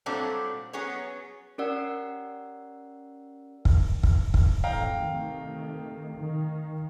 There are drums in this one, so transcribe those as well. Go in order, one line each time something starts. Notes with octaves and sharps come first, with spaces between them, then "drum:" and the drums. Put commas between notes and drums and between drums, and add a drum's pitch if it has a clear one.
A#2 F#3 G3 A3 C4 D4
F#3 B3 C#4 G#4 C#5
C#4 G4 A#4 D5 F#5 E6
drum: kick
drum: kick
drum: kick
G#1 F2 E3 F5 G5 A#5
C3 D#3 A3
D#3